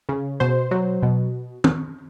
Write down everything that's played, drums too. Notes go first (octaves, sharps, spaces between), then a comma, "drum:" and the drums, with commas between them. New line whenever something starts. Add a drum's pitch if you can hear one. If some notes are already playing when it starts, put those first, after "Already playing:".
C#3
B2 C5
F#3
B2
drum: tom